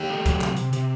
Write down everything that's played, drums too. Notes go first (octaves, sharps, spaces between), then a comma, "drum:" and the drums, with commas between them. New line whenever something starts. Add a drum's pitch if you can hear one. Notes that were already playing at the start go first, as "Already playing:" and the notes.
Already playing: D#3 G4
A3
F#3, drum: kick C2, hi-hat
C3, drum: clap
C3, drum: hi-hat
C3, drum: hi-hat